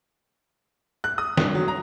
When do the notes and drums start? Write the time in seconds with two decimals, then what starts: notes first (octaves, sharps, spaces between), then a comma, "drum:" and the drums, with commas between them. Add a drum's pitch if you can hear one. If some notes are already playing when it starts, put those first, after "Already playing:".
1.04 F#6
1.18 D#6
1.37 G1, drum: snare
1.55 F#3
1.68 A#5